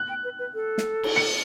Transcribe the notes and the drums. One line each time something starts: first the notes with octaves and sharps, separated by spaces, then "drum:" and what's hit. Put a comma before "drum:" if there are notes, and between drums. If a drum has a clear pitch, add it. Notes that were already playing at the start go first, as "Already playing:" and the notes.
Already playing: F#6
G5
B4
B4
A4
drum: snare
drum: cymbal
C#7